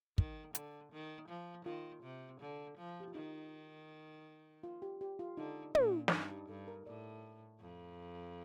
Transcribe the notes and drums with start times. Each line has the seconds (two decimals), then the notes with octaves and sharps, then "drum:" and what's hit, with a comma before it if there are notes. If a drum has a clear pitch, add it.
0.18 D#3, drum: kick
0.55 D3, drum: hi-hat
0.92 D#3
1.29 F3
1.65 D#3 F4
2.03 C3
2.41 D3
2.78 F3
3.00 G4
3.08 F4
3.15 D#3 D#4
4.63 F4
4.82 G4
5.01 G4
5.19 F4
5.37 D3 D#4
5.75 A#2 D4, drum: tom
6.08 D4, drum: snare
6.12 G2 D#4
6.31 G4
6.49 G2 A4
6.68 A#4
6.87 A2 D5
7.60 F2